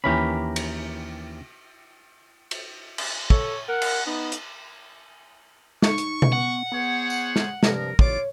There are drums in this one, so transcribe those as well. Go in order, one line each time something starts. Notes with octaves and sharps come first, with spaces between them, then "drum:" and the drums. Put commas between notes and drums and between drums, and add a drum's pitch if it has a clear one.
D#2 E3 C#4 G4 A#4 B5
drum: cymbal
drum: cymbal
drum: cymbal
A4 C#5, drum: kick
A#4 F#5
drum: cymbal
B3 D#4
drum: hi-hat
D#4 C#6, drum: snare
drum: hi-hat
drum: tom B2
B3 F#5
B3 G#4 C5 C#5
drum: tambourine
drum: snare
G2 C3 F3 A#4, drum: snare
A1 F4 C#5 D5 D6, drum: kick